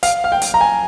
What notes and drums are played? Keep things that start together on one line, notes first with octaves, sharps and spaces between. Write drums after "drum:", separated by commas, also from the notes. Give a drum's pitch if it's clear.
F5, drum: hi-hat
F5
G5
drum: hi-hat
A#5
G#5